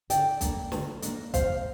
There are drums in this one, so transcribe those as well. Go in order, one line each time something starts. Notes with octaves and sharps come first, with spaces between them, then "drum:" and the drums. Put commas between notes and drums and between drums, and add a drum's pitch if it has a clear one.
D3 D5 G5, drum: hi-hat
A#3 D4, drum: kick, hi-hat
D3, drum: snare
A#3 D4, drum: hi-hat
C3 C5 F5, drum: kick, hi-hat